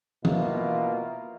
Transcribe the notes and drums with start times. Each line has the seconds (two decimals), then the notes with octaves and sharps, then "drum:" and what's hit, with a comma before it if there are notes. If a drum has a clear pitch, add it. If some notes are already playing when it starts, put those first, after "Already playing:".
0.25 B2 A#3 E4 F4, drum: tom E3